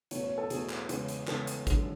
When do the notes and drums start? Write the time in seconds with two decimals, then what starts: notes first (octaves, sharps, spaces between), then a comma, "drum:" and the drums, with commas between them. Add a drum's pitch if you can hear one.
0.11 E2 B2 A3 C#4 C#5, drum: hi-hat
0.24 C#5
0.38 A4
0.50 E2 B2 A3 C#4 G#4, drum: hi-hat
0.70 drum: clap
0.89 E2 C#3 G#3, drum: hi-hat
1.08 drum: hi-hat
1.28 E2 C#3 G#3 A4, drum: clap
1.47 drum: hi-hat
1.67 F#2 D3 G#3, drum: kick G#1, hi-hat